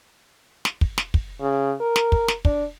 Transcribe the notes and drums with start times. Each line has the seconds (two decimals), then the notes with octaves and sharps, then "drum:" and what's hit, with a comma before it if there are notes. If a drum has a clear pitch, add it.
0.65 drum: snare
0.81 drum: kick
0.98 drum: snare
1.14 drum: kick
1.41 C#3
1.80 A#4
1.96 drum: snare
2.12 drum: kick
2.28 drum: snare
2.45 D4, drum: kick